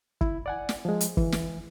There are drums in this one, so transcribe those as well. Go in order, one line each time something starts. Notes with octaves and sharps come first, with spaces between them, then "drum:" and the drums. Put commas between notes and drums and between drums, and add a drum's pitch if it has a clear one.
E4, drum: kick
D5 F#5 G#5
drum: snare
F3 G#3
drum: hi-hat
E3, drum: kick
drum: snare